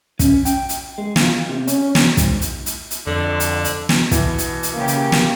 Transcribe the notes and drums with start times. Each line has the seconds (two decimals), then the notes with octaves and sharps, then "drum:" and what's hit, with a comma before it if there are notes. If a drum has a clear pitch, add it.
0.19 C#4, drum: kick, hi-hat
0.45 G5, drum: hi-hat
0.69 drum: hi-hat
0.98 G#3
1.16 F4, drum: snare
1.49 C3
1.67 C#4, drum: hi-hat
1.95 E2, drum: snare
2.17 G#2, drum: kick, hi-hat
2.41 drum: hi-hat
2.66 drum: hi-hat
2.91 drum: hi-hat
3.07 F2 D3
3.40 drum: hi-hat
3.64 drum: hi-hat
3.89 drum: snare
4.11 B2 E3, drum: kick, hi-hat
4.38 drum: hi-hat
4.63 drum: hi-hat
4.74 C#3 A#3 C#4 G4
4.88 drum: hi-hat
5.12 drum: snare